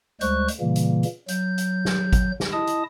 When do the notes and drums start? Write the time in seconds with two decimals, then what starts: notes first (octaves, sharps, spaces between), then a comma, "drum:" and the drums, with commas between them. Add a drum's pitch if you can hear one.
0.21 D2 G3 G#3 C5 C#6 F#6, drum: hi-hat
0.48 drum: hi-hat
0.60 A#2 C#3 E3 G3 A#3
0.76 drum: hi-hat
1.03 drum: hi-hat
1.28 F#3 G6, drum: hi-hat
1.58 drum: hi-hat
1.85 drum: snare
2.13 drum: kick G#1, hi-hat
2.40 drum: snare
2.52 E4 D#5 A5 D#6
2.67 drum: hi-hat